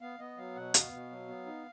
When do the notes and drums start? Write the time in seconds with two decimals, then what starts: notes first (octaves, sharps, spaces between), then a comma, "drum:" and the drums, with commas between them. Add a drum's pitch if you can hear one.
0.01 B3 F5
0.19 B3 D#5
0.37 F#3 F5
0.55 B2 F#5
0.74 B3 F5, drum: hi-hat
0.92 B2
1.11 F#3
1.28 B3
1.46 D#4